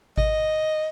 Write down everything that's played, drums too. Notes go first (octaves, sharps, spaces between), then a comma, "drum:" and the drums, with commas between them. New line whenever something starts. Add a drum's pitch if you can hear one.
D#5, drum: kick G#1